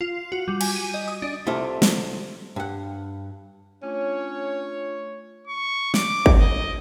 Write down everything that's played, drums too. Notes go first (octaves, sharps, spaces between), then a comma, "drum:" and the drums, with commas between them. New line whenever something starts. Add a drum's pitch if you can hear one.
F4
F#4
G3
G#5, drum: cymbal
D#7
D#5
D#6
D4
C2 C3 A3 E4 F4
drum: snare
G2 F#5
A3 C#4 D4 F4 C#5
C#6
D6, drum: snare
drum: kick
D#5